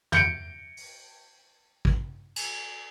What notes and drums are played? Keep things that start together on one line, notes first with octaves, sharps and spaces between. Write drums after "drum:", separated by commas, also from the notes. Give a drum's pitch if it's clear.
G6 C#7 D7, drum: tom
drum: open hi-hat
drum: kick
drum: cymbal